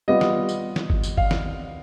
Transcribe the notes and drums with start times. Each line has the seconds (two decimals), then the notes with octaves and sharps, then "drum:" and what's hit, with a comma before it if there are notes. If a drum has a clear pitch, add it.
0.08 G3 B3 F4 D#5
0.21 drum: snare
0.49 drum: tambourine
0.76 drum: snare
0.90 drum: kick G1
1.03 drum: tambourine
1.17 F5, drum: kick G1
1.31 drum: snare